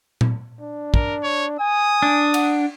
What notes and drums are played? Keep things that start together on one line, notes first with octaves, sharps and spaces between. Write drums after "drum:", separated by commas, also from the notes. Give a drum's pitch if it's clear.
drum: tom A#2
D4
A#4, drum: kick
C#5
G#5 D#6
D4
F#5, drum: cymbal